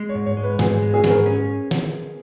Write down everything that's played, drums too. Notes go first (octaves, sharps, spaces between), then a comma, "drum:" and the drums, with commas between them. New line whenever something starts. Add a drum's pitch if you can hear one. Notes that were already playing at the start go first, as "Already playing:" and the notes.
Already playing: G#3
C#5
G#2
C#5
G#3
B4
G#2 G#4, drum: snare
G#3
G#4
G#2, drum: snare
A#4
C#4 G#4
drum: snare